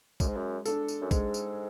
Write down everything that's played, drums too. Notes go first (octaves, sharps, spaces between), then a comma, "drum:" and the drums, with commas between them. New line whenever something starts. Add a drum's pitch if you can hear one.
F#2 G#3, drum: kick, tambourine
G#2
F#2
D4 A4, drum: tambourine
drum: tambourine
F#2
G#2 G#3, drum: kick, tambourine
drum: tambourine